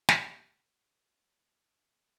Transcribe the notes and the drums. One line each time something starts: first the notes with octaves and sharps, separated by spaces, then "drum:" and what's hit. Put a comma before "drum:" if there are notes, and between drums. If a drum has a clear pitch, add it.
D4 G4 D5 D#5, drum: snare